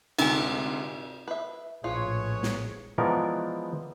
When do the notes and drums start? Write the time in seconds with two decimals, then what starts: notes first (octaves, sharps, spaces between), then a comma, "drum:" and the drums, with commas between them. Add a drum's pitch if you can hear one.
0.19 D2 G#2 C3 D#4 G#5, drum: cymbal
1.28 B4 E5
1.84 A#1 A2 F4 G#4 B4 C#5
2.43 drum: snare
2.98 E3 F3 G#3 B3 A#4 D5